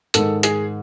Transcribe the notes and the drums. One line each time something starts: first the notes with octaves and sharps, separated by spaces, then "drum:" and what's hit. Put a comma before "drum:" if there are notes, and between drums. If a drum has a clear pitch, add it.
G#2 D#3 G#3 A4, drum: hi-hat
G#4, drum: hi-hat